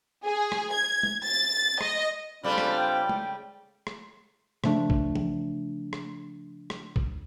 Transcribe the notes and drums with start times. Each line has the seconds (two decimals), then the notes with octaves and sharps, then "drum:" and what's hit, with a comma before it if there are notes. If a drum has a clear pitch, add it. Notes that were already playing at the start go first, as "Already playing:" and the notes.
0.25 G#4
0.52 drum: rim click
0.73 G#6
1.03 drum: tom G#3
1.24 A6
1.81 D#5, drum: rim click
2.43 C#3 G3 A3 C4 D4 F4 B5
2.58 drum: rim click
2.76 G5
3.09 drum: tom G#3
3.87 drum: rim click
4.64 C#3 F3 A3 D4, drum: rim click
4.90 drum: kick
5.16 drum: tom E3
5.93 drum: rim click
6.70 drum: rim click
6.96 drum: kick